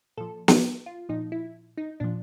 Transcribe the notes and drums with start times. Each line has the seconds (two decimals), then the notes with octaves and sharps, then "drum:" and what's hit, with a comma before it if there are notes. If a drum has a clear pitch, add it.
0.17 A#2 F3 A4
0.48 drum: snare
0.86 F4
1.09 A#2 F3 D#4
1.32 E4
1.78 D#4
2.00 A#2 F3 D4